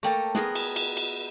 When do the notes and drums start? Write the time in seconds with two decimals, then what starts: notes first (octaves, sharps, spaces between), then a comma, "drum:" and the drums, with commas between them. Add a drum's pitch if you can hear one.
0.03 A3 A#3 C#5 G5 A5
0.35 B3 G#4 A#4, drum: snare
0.55 drum: cymbal
0.76 drum: cymbal
0.97 drum: cymbal